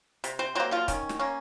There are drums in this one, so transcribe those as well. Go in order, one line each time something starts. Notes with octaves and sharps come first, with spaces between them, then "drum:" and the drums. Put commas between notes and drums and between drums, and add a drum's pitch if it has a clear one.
C3, drum: hi-hat
C4 C5
F#3 A#3 C4 C5
F3 F4
D#3 C#4, drum: kick C#1, hi-hat
drum: snare
A#3 C#4